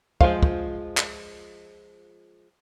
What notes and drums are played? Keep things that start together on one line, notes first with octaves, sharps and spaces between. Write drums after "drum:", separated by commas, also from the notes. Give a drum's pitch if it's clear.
F3 G#3 F4 C5 F5, drum: kick
drum: kick
drum: clap